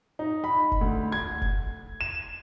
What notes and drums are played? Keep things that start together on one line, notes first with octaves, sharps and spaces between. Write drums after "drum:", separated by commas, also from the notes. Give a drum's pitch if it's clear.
D#4
B5
drum: kick F1
D2
G#6
drum: kick F1
E7